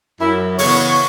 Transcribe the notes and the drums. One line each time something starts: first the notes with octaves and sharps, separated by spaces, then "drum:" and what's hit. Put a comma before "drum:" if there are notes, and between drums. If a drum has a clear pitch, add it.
F#2 E4
C#3 E3 B3 C#5, drum: open hi-hat